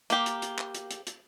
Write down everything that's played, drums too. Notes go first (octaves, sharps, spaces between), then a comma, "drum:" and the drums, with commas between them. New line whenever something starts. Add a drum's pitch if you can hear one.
A#3 G4, drum: hi-hat
drum: hi-hat
drum: hi-hat
drum: clap
drum: hi-hat
drum: hi-hat
drum: hi-hat